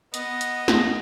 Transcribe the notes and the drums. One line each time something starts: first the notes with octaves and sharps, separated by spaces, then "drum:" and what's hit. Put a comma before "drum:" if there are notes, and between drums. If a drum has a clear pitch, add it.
B3 D#5, drum: hi-hat
drum: hi-hat
drum: snare